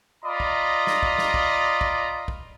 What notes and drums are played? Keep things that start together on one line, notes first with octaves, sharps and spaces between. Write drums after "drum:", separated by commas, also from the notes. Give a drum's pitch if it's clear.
F4 D5 D#5 A#5 B5
drum: kick
drum: snare
drum: kick
drum: snare
drum: kick
drum: kick
drum: kick